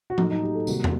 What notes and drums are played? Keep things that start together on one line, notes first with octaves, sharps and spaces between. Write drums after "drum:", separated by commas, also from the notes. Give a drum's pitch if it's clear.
F#4
A2 F#3 A3 D#4, drum: tom F3
D#4
G4
A4
C3 D#3 G3 A#3 F#4, drum: tambourine
drum: tom